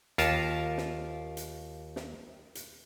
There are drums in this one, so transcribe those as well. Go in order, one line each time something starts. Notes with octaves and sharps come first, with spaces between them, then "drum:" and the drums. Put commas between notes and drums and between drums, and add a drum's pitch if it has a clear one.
D#2 F4 A#4 A5, drum: hi-hat
drum: snare
drum: hi-hat
drum: snare
drum: hi-hat